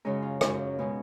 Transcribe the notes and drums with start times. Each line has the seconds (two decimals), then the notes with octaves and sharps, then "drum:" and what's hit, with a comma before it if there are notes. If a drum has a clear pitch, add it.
0.05 F#2 C#3 G#3 C#4 D#4
0.22 F4
0.41 F#2 C#3 G#3 C#4, drum: rim click
0.79 B2 G#3 C#4